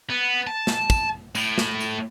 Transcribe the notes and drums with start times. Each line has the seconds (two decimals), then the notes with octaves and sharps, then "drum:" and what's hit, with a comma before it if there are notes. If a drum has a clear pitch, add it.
0.10 B3
0.47 A5
0.67 drum: snare
0.90 drum: kick, tambourine
1.35 A2, drum: tambourine
1.58 drum: snare
1.80 drum: tambourine